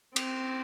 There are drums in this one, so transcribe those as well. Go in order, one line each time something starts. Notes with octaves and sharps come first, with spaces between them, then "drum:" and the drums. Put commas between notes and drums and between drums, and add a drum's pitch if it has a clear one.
C4, drum: cymbal